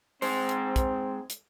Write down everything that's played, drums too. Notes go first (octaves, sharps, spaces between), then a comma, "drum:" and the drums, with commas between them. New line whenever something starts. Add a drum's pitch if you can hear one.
G#3 C4 C5, drum: open hi-hat
drum: hi-hat
drum: kick, hi-hat
drum: hi-hat